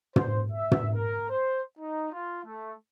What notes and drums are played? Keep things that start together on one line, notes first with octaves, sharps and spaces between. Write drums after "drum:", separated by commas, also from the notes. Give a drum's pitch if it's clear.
C5, drum: tom
E5
drum: tom
A#4
C5
D#4
F4
A3